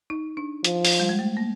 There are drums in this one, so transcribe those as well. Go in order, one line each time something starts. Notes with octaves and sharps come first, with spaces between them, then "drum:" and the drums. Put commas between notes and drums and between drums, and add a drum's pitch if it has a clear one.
D#4
D4
F3, drum: hi-hat
drum: open hi-hat
G3
G#3
A3
A#3